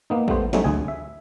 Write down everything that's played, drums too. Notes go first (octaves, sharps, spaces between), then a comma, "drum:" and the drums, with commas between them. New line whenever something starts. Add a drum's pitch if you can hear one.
A#3 B3 D#4
G3 A3 B3 C5, drum: kick A1
F#3 G3 A3 C4 D#4 G#4, drum: snare
D2 G#4 G#5
E5